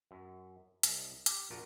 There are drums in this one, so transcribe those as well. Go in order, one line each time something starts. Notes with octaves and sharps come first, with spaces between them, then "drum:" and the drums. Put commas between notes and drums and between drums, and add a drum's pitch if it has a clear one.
F#2
C2 D#5, drum: hi-hat
G4, drum: hi-hat
A#1 A#2 F3 F4 F#4 A#4